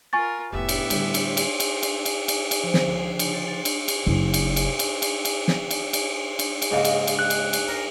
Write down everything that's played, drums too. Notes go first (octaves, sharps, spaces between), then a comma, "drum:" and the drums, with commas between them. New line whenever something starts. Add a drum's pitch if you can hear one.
F4 A#4 G#5 C#6 A6
F1 A2 B3 F4 G4 E5
drum: cymbal
D3 G3, drum: cymbal
drum: cymbal
drum: cymbal
drum: cymbal
drum: cymbal
drum: cymbal
drum: cymbal
drum: cymbal
F3
D3, drum: snare
C#2
C7
F4, drum: cymbal
A6
A6
drum: cymbal
drum: cymbal
F#1
drum: cymbal
drum: cymbal
drum: cymbal
drum: cymbal
drum: cymbal
drum: snare
drum: cymbal
drum: cymbal
drum: cymbal
drum: cymbal
G#2 C#3 A#3 G#4 D#5
drum: cymbal
drum: cymbal
F#6
drum: cymbal
drum: cymbal
A#4